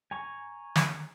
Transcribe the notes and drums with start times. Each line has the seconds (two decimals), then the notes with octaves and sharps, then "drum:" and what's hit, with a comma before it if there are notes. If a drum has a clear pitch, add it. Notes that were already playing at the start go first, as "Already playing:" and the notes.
0.11 G#5 A#5 C#6
0.76 drum: snare